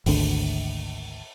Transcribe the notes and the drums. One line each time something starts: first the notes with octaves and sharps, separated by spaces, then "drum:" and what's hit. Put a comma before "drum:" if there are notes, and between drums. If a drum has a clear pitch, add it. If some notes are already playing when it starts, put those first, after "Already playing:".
G#1 D2 D3, drum: open hi-hat